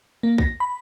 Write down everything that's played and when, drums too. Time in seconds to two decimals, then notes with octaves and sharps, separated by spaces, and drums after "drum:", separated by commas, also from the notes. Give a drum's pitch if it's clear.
0.23 A#3
0.38 A#6, drum: kick B1
0.60 B5